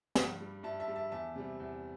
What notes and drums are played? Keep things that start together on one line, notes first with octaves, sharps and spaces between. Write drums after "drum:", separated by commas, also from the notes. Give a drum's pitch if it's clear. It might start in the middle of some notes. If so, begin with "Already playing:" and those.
G2, drum: snare
G3
G2 E5 A5
E5 A5
G3
E5 A5
E2 E5 A5
C3 G3
E2